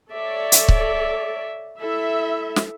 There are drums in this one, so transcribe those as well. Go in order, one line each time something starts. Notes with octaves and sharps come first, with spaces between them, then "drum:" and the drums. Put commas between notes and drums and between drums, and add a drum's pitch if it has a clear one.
A4 C#5 D5 E5
drum: hi-hat
drum: kick C#1
E4 A4 E5
drum: snare